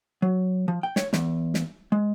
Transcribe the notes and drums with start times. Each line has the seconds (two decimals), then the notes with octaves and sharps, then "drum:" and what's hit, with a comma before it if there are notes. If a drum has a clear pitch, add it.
0.22 F#3
0.68 F3
0.83 G5
0.96 C#5, drum: snare
1.13 E2, drum: snare
1.54 drum: snare
1.92 G#3